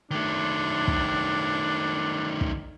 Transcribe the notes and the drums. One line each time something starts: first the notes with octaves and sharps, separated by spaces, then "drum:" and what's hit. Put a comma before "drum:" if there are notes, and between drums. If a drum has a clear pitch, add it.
D#3 A3 D4
drum: kick
drum: kick